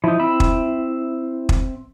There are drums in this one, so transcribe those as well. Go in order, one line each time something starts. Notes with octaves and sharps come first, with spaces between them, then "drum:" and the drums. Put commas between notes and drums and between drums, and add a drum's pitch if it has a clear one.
F3 D#4 E4
C4 E5 B5
drum: kick
drum: kick